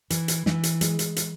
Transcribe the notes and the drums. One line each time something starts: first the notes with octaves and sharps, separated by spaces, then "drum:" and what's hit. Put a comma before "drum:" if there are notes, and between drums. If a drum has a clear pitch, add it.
E3, drum: hi-hat
drum: hi-hat
E3, drum: snare
drum: hi-hat
G#3, drum: hi-hat
drum: hi-hat
drum: hi-hat